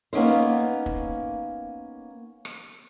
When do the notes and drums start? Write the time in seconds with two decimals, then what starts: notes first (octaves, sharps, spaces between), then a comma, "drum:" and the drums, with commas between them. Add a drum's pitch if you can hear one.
0.13 A#3 B3 C#4 D#4 C5, drum: open hi-hat
0.86 drum: kick
2.45 drum: rim click